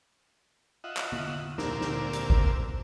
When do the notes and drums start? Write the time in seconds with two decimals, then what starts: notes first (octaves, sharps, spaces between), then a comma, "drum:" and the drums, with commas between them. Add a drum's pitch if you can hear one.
0.84 F4 D#5 E5 F#5
0.97 drum: clap
1.12 drum: tom
1.58 D2 A#2 C4 A#4 D6 E6, drum: snare
1.81 drum: snare
2.13 drum: hi-hat
2.30 drum: kick G#1